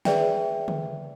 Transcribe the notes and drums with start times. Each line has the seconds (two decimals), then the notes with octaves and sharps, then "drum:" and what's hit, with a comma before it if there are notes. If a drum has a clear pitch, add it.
0.05 G#4 B4 D5 E5 G5, drum: snare
0.68 drum: tom